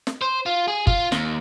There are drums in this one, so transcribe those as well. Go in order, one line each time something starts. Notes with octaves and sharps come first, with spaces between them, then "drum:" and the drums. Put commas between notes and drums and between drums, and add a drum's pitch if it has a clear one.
drum: snare
C5
F4
G#4
F4, drum: kick G1
D#2, drum: snare